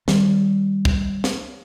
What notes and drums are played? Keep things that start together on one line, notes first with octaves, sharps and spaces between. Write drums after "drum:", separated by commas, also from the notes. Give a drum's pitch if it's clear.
D#3 G3, drum: snare
drum: kick
drum: snare